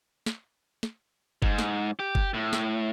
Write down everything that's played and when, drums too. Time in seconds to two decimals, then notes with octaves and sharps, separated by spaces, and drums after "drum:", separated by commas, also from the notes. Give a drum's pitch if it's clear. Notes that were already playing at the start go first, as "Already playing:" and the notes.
0.26 drum: snare
0.83 drum: snare
1.42 G#2, drum: kick
1.58 drum: snare
1.99 G4
2.15 drum: kick
2.34 A2
2.53 drum: snare